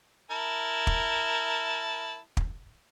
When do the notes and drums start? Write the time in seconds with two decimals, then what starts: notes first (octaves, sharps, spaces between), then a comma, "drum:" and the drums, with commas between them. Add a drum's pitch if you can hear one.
0.31 E4 A#4 A5
0.87 drum: kick
2.37 drum: kick